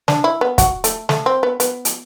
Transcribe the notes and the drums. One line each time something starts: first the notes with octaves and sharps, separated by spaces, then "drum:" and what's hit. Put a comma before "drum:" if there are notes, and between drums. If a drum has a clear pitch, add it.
D4, drum: snare
E4
B3
F#4, drum: kick, hi-hat
A3, drum: hi-hat
A3, drum: snare
C4
B3
B3, drum: hi-hat
drum: hi-hat